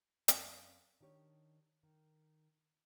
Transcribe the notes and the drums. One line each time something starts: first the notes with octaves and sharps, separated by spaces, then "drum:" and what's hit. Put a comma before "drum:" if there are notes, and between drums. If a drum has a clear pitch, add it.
F#2 B3 C4 F5, drum: hi-hat
D#3 D4 G4 C#5
D#3